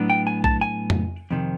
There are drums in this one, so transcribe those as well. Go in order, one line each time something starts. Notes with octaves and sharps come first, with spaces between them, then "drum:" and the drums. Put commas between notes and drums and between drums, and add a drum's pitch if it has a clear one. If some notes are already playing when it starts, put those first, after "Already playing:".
Already playing: A2 F#3 B3 D4
G5
G#5
A5, drum: kick
G#5
drum: tom F2
F2 C3 D#3